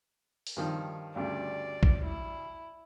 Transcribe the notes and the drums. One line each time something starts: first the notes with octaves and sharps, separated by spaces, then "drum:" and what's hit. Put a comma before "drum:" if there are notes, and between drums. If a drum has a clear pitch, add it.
drum: open hi-hat
G2 D#3 F3
D2 G2 C#3 D5
drum: kick A#1
E4